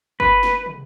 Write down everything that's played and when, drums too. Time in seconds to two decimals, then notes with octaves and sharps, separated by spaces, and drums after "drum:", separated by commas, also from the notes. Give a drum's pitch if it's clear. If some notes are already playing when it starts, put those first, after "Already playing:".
0.20 B4, drum: kick G1
0.43 drum: snare
0.66 drum: tom